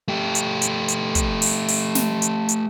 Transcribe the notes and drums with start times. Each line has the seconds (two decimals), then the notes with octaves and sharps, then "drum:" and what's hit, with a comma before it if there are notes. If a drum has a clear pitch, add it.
0.08 A3 G4
0.35 drum: hi-hat
0.62 drum: hi-hat
0.88 drum: hi-hat
1.15 drum: kick, hi-hat
1.42 drum: open hi-hat
1.68 drum: open hi-hat
1.95 drum: snare
2.22 drum: hi-hat
2.49 drum: hi-hat